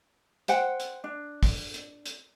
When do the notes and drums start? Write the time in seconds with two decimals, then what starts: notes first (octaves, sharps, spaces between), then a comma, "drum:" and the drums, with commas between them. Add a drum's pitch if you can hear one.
0.48 C5 F#5 G5, drum: hi-hat
0.80 drum: hi-hat
1.04 D4
1.43 drum: kick, open hi-hat
1.74 drum: hi-hat
2.06 drum: hi-hat